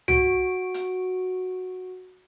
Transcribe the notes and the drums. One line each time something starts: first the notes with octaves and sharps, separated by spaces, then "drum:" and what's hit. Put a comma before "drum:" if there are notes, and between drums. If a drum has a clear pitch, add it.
F#4 D7, drum: tom C2
drum: hi-hat